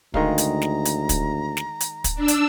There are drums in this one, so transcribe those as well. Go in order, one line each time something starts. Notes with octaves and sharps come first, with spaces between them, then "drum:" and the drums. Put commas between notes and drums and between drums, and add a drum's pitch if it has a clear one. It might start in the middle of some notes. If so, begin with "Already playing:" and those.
D2 D#3 G#3 F5 A#5, drum: kick
drum: hi-hat
drum: snare
drum: hi-hat
drum: kick, hi-hat
drum: snare
drum: hi-hat
drum: kick, hi-hat
D4 E6
drum: hi-hat